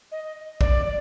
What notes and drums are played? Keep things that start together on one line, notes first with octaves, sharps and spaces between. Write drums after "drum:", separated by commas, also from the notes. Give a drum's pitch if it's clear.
D#5
D5, drum: kick
D5